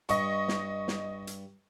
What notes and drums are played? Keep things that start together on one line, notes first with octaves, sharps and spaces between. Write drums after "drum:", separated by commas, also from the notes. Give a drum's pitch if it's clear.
G2 D#5 C#6, drum: hi-hat
drum: snare
drum: snare
drum: hi-hat